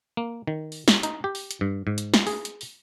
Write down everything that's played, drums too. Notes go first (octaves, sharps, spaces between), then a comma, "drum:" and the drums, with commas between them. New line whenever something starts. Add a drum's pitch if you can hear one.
A#3
D#3
drum: open hi-hat
drum: snare
D#4, drum: hi-hat
G4
drum: open hi-hat
drum: hi-hat
G2
G#2
drum: hi-hat
drum: snare
G#4, drum: open hi-hat
drum: hi-hat
drum: open hi-hat